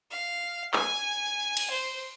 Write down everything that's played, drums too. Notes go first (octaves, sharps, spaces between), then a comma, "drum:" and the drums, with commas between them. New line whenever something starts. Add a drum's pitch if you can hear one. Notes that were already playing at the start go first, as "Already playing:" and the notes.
F5
G#5, drum: clap
drum: cymbal
C5